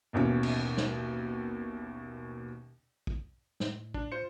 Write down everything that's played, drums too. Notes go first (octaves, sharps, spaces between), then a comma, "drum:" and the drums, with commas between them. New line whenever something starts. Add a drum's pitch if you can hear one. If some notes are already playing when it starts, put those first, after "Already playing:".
A1 D#2 B2 C#4
drum: cymbal
drum: snare
drum: kick
A2, drum: snare
D4, drum: kick
F4 C5 C#7